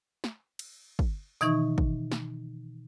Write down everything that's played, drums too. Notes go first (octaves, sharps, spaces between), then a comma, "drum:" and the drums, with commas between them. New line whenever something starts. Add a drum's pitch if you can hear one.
drum: snare
drum: cymbal
drum: kick
B2 D#3 E3 D#4 C#6, drum: tambourine
drum: kick
drum: snare